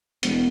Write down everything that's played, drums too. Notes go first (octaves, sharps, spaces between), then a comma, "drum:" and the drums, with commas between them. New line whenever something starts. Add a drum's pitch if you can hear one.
E1, drum: hi-hat